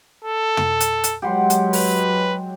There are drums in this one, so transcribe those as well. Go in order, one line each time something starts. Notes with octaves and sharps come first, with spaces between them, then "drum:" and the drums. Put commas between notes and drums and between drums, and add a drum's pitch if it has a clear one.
A4
drum: tom
drum: hi-hat
drum: hi-hat
F#3 G#3 G4 F#5 C6
drum: hi-hat
B4, drum: open hi-hat